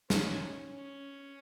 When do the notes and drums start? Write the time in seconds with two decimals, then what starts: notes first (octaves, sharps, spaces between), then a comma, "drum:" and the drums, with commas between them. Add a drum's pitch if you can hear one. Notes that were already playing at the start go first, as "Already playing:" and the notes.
0.10 C#4, drum: snare
0.71 C#4